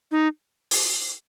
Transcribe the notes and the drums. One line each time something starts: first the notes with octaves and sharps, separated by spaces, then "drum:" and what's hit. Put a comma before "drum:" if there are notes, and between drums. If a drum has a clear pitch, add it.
D#4
drum: open hi-hat